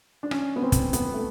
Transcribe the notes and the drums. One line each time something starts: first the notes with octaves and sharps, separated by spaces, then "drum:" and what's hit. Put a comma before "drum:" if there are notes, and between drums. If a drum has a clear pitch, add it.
D4
C#4, drum: rim click
B3
C4
drum: kick, hi-hat
B3, drum: hi-hat
A3